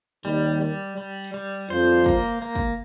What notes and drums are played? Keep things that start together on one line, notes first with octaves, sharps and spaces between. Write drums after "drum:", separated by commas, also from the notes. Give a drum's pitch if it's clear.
D#2 D#3 G3
G3
G3
drum: cymbal
G3
F2 F3 C5
A#3, drum: kick
A#3
drum: kick